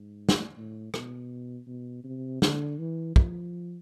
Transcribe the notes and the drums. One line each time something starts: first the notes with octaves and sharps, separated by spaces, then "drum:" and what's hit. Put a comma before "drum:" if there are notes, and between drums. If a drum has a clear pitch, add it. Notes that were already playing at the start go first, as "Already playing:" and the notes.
Already playing: G#2
drum: snare
A2
B2, drum: rim click
B2
C3
D3, drum: snare
E3
F3, drum: kick